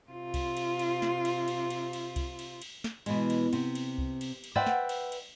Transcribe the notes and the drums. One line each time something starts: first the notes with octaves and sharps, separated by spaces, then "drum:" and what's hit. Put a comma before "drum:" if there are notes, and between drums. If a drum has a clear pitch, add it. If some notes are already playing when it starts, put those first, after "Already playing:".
C3 F4
drum: kick C2, cymbal
drum: cymbal
drum: cymbal
drum: snare
drum: cymbal
drum: cymbal
drum: cymbal
drum: cymbal
drum: kick C2, cymbal
drum: cymbal
drum: cymbal
drum: snare
B2 E3 G#3, drum: cymbal
drum: cymbal
C3, drum: cymbal
drum: cymbal
drum: kick C2
drum: cymbal
drum: cymbal
B4 C5 D5 E5 F#5 G5
drum: snare
drum: cymbal
drum: cymbal